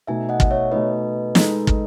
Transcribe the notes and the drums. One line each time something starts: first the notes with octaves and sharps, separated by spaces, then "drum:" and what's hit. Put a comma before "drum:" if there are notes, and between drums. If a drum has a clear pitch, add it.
B2 A3 D#4 E5 G#5
D#5 F#5
drum: kick
C#5 E5
B2 A3 D#4 B4 D#5
G#3 D#4 A4, drum: snare
drum: kick